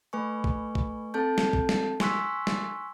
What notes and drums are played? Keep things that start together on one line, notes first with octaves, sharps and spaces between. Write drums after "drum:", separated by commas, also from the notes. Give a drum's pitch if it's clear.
A3 B4 G#5 C#6
drum: kick A1
drum: kick A1
C4 A4 A5 G6
drum: snare
drum: kick A1
drum: snare
G#5 C6 C#6 E6 F#6 B6, drum: snare
drum: snare